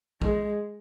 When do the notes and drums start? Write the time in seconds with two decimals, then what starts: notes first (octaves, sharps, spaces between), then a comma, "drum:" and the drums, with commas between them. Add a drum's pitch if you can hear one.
0.22 G#3, drum: kick